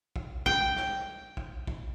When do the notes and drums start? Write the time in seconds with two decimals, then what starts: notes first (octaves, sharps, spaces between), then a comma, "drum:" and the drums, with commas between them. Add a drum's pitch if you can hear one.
0.16 drum: kick
0.46 G5, drum: kick
0.76 drum: snare
1.37 drum: kick
1.67 drum: kick